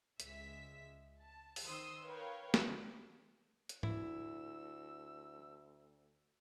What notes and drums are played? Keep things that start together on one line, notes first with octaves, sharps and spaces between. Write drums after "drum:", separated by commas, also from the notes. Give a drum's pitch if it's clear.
C#2 G#3 E5 B6, drum: hi-hat
A5
drum: open hi-hat
D#3 C5 C6 D#6 E6
A#4 B4 C#5 F5 G5
drum: snare
drum: hi-hat
D2 E4 E6, drum: tom G#2